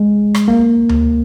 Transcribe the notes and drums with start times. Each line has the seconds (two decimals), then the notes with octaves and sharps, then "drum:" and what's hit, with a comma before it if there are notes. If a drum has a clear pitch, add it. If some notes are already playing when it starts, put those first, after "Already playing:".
Already playing: G#3
0.35 drum: rim click
0.48 A#3
0.89 drum: tom D2